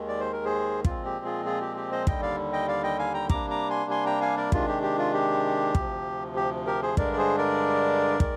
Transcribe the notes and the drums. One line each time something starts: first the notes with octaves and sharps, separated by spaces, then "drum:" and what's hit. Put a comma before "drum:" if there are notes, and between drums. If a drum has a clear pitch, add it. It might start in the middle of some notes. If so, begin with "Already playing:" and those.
Already playing: D#2 D#3 G#3
D5
C5
A#4
G#4 C5
A#2 F3 G#3 C4 F4, drum: kick
G4
F4 G#4
F4 G#4
G4
G4
C5 D#5
D#2 D3 G3 D#5 G5, drum: kick
D5 F5
D#5 G5
D5 F5
D#5 G5
F5 G#5
G5 A#5
C3 G3 A#3 D4 A#5 D6, drum: kick
A#5 D6
G#5 C6
G#5 C6
G5 A#5
F5 G#5
A#4 D5
C3 D#3 G#3 D4 F4, drum: kick
G4
G4
F4
G4
D2 C3 F3, drum: kick
G4
G4 A#4
G#4 C5
G2 D3 G#3 D4 A#4 D5, drum: kick
D5
G#4 C5
A#4 D5
D#3 G#3, drum: kick